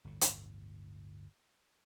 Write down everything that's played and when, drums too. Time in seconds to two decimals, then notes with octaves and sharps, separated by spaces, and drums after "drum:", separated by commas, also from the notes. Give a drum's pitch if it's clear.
0.05 G1 D2 A2
0.21 drum: hi-hat